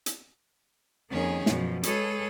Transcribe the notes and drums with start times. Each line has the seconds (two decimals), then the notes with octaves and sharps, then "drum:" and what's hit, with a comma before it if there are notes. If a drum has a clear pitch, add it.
0.06 drum: hi-hat
1.08 F2 D#3 A#3 C#4 G#4
1.46 F#2 B2 F3, drum: snare
1.83 G#3 G#4 A4 B4 C#5, drum: hi-hat